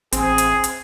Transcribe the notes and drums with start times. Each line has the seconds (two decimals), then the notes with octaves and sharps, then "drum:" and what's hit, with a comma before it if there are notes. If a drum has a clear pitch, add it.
0.12 A1 C4 G#4, drum: hi-hat
0.38 drum: hi-hat
0.64 drum: hi-hat